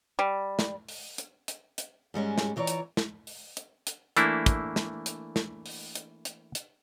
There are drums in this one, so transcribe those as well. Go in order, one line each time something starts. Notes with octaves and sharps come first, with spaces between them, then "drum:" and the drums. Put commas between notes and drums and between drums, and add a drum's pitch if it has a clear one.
G3
drum: snare
drum: open hi-hat
drum: hi-hat
drum: hi-hat
drum: hi-hat
G#2 G3 G#3 C#4
drum: snare
F2 E3 C#5 D5 A#5
drum: hi-hat
drum: snare
drum: open hi-hat
drum: hi-hat
drum: hi-hat
E3 A3 A#3 D4 E4, drum: hi-hat
drum: kick, hi-hat
drum: snare
drum: hi-hat
drum: snare
drum: open hi-hat
drum: hi-hat
drum: hi-hat
drum: hi-hat